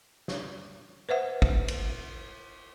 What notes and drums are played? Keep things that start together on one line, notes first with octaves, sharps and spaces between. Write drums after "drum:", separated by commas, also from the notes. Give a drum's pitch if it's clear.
drum: snare
B4 C5 E5 F#5
drum: kick
drum: cymbal